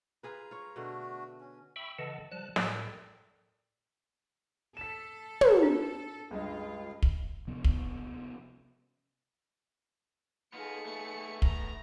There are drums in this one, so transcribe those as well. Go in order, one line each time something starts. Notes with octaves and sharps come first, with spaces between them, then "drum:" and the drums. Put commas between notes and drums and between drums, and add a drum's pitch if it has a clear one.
F4 G#4 B4 A#5
F4 C#5
B2 D3 A3 D4 F#4
C#4
E5 G5 B5 C#6 E6
C#3 E3 A4 D#5 F#5 A5
F3 G3 A5 F#6
A2 A4 A#4 D5 G5 E6, drum: snare
A4 B6 E7
drum: tom
D4
C#2 G2 F4 D#5
drum: kick
C3 F3 B3 C#4
drum: kick
B3 D#4 F4 G#4 A4 C#7
A3 B3
A#5, drum: kick